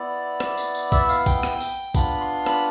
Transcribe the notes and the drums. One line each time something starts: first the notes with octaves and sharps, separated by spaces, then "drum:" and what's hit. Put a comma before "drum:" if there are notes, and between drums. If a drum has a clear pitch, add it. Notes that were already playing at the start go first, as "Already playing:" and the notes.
Already playing: B3 E4 D5
drum: rim click
drum: tambourine
drum: tambourine
E5, drum: kick A#1, tambourine
F5, drum: tambourine
G5, drum: kick A#1, tambourine
drum: rim click
drum: tambourine
B3 D4 F4 B5, drum: kick A#1, tambourine
C6
B5, drum: rim click